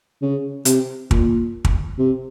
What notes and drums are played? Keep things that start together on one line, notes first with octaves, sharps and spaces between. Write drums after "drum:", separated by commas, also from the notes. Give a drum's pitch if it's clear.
C#3
C3, drum: hi-hat
A#2, drum: kick
drum: kick
C3